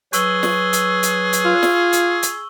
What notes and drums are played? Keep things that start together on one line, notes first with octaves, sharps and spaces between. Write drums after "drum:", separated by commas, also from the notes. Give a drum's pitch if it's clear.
F#3 G#4 B4 C#6 E6 G7, drum: hi-hat
drum: snare
drum: hi-hat
drum: hi-hat
drum: hi-hat
F4
drum: snare
drum: hi-hat
drum: hi-hat